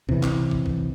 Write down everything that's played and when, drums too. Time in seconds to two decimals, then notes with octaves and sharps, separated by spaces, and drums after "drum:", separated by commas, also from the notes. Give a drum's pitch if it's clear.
0.09 C3 E3, drum: kick
0.23 drum: clap
0.51 drum: kick
0.66 drum: kick